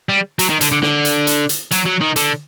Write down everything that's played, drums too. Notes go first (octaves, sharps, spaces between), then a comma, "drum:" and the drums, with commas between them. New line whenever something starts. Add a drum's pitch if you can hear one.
G3
F#3, drum: hi-hat
D#3
D3, drum: hi-hat
D3
D3, drum: snare
drum: hi-hat
drum: hi-hat
drum: hi-hat
F#3, drum: hi-hat
F#3
D#3
D3, drum: hi-hat